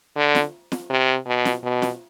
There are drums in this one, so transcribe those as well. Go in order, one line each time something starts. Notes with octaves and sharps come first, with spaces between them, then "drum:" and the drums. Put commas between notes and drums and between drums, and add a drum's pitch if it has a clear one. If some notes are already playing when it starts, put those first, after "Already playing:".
D3
drum: snare
drum: snare
C3
B2
drum: snare
B2
drum: snare